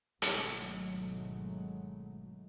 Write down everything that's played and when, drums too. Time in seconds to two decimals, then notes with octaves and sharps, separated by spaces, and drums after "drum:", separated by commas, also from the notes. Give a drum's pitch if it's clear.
0.22 G#1 B2 F#3 G#3 A3, drum: hi-hat